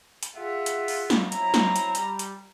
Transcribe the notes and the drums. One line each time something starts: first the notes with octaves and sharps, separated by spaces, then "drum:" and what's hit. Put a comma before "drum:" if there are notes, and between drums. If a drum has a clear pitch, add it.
drum: hi-hat
F4 G#4 E5 F#5
drum: hi-hat
drum: open hi-hat
drum: snare
F#3 C4 E4 A#5, drum: hi-hat
drum: snare
drum: hi-hat
G3, drum: hi-hat
drum: hi-hat